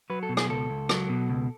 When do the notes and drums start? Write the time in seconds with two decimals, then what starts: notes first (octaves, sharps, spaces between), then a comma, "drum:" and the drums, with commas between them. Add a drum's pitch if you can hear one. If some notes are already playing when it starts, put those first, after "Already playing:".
0.10 F#3 B4
0.23 A4
0.29 B2
0.37 G#4, drum: rim click
0.49 C#2 A4
0.70 C#2
0.89 F#3, drum: rim click
1.10 B2
1.29 C#2